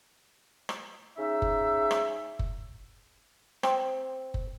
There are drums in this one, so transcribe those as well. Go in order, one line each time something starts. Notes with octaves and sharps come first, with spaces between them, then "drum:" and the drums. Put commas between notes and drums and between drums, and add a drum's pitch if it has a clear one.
drum: rim click
C#3 D#4 E5
drum: kick F#1
drum: rim click
drum: kick F#1
C4, drum: rim click
drum: kick F#1